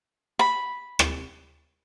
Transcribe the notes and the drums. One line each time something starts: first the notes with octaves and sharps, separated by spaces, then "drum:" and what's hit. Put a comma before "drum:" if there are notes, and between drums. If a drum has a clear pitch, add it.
B5
drum: rim click